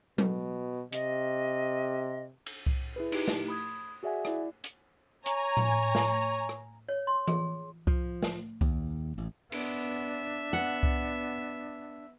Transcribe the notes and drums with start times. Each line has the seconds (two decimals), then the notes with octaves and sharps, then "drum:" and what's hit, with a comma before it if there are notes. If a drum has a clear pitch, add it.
0.18 B2, drum: tom F#3
0.92 C3 D#5, drum: hi-hat
2.46 drum: cymbal
2.66 drum: kick C2
2.96 E4 G#4 B4
3.12 D#4 E4 G4, drum: cymbal
3.28 drum: snare
3.48 B5 D#6 G#6
4.03 F#4 G#4 D5 E5 F#5 G#5
4.25 E4 D5, drum: rim click
4.64 drum: hi-hat
5.26 C#5 G#5 A#5, drum: hi-hat
5.57 drum: tom A2
5.95 drum: snare
6.49 drum: rim click
6.89 C#5
7.07 C6
7.27 G#4, drum: tom E3
7.87 F3, drum: kick C2
8.23 drum: snare
8.61 D#2, drum: kick C2
9.18 A1
9.52 B3 D4 E5, drum: cymbal
10.53 B3 F#5
10.83 drum: kick C2